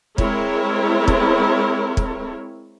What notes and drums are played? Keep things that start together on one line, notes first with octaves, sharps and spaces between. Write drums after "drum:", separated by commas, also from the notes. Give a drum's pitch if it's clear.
G#3 C4 E4 A#4 C#5, drum: kick
drum: kick
drum: kick